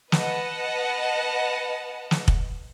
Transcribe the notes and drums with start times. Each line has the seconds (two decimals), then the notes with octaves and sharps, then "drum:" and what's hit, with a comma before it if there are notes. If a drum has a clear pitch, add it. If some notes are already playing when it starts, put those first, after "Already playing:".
0.12 B4 D#5 F#5 A5, drum: snare
2.11 drum: snare
2.28 drum: kick